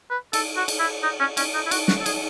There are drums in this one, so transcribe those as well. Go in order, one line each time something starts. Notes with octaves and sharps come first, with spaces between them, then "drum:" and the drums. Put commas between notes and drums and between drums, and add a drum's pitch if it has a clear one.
B4
A4, drum: cymbal
F#4
drum: cymbal
E4
D#4
C#4
C#4, drum: cymbal
D#4
E4
F#4, drum: cymbal
F#4, drum: snare
A4
G#4, drum: cymbal